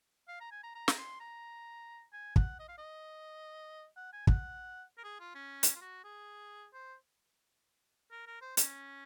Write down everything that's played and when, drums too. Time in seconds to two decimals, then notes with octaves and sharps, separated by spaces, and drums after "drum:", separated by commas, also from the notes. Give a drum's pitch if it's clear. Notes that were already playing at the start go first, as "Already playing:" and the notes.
0.28 F5
0.40 A#5
0.51 G#5
0.63 A#5
0.75 A#5
0.88 drum: snare
0.98 C6
1.20 A#5
2.13 G#5
2.36 F#5, drum: kick
2.59 D#5
2.68 F5
2.78 D#5
3.96 F#5
4.13 G#5
4.27 F#5, drum: kick
4.98 A#4
5.04 G#4
5.20 F4
5.35 C#4
5.63 drum: hi-hat
5.76 F4
5.81 F#4
6.04 G#4
6.73 C5
8.11 A#4
8.27 A#4
8.41 C5
8.57 C#4, drum: hi-hat